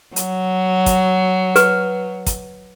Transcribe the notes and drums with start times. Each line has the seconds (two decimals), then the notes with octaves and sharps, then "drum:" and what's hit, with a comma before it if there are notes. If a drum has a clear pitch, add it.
0.16 F#3, drum: hi-hat
0.86 drum: kick, hi-hat
1.56 B4, drum: hi-hat
2.26 drum: kick, hi-hat